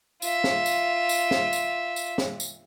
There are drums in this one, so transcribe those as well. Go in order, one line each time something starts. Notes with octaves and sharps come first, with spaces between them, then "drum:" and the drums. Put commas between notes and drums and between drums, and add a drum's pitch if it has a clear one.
F4 E5, drum: tambourine
drum: snare
drum: tambourine
drum: tambourine
drum: snare
drum: tambourine
drum: tambourine
drum: snare
drum: tambourine